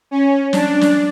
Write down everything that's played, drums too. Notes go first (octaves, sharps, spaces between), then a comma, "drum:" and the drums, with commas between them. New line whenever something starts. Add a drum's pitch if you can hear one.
C#4
D4, drum: snare
drum: snare